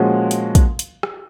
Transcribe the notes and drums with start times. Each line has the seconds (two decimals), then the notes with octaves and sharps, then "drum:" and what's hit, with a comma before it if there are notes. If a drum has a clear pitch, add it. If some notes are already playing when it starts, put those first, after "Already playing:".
Already playing: A#2 F3 G#3 C#4 F#4
0.31 drum: hi-hat
0.55 drum: kick, hi-hat
0.79 drum: hi-hat
1.03 drum: rim click